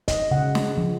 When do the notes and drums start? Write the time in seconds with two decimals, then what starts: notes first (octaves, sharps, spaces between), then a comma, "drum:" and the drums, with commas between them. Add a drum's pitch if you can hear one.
0.08 D#5, drum: kick, hi-hat
0.31 C#3 F#5
0.55 drum: snare
0.78 F3